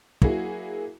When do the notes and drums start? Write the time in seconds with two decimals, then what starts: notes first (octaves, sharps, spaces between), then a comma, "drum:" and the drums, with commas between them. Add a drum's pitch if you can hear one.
0.22 F#3 A#3 E4 F#4 G#4, drum: kick